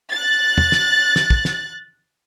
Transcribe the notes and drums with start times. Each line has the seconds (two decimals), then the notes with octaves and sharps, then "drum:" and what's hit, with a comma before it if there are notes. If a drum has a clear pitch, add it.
0.14 F#6 A6
0.58 drum: tom
0.72 drum: snare
1.16 drum: snare
1.30 drum: kick
1.45 drum: snare